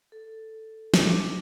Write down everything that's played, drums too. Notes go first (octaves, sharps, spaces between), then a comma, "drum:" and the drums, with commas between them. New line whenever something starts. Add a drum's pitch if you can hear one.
A4
D4, drum: snare